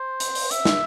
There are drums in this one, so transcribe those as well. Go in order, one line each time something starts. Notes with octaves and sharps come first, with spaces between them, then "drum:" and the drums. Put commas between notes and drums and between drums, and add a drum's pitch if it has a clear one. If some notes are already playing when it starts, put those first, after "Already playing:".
Already playing: C5
drum: hi-hat
drum: open hi-hat
E5, drum: hi-hat
drum: snare